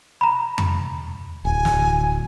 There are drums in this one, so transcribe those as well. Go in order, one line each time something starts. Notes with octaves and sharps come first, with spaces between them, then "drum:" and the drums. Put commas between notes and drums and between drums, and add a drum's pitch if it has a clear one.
A#5 B5
drum: tom F2
D1 G#5
drum: snare